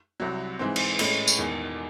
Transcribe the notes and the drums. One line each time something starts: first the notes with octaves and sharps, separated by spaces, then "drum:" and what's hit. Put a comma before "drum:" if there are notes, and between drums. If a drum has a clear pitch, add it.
C2 C3 F#3
G#2 E3 C4
drum: cymbal
A2 G#3 C#4, drum: cymbal
drum: tambourine
E1 E2 D#3